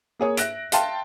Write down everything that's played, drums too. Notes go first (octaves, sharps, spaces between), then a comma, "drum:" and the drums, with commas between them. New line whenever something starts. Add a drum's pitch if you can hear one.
A#3 G#4 C#5 D#6
E5 F#6 A#6 D7, drum: hi-hat
E5 F5 G5 A5 C6, drum: hi-hat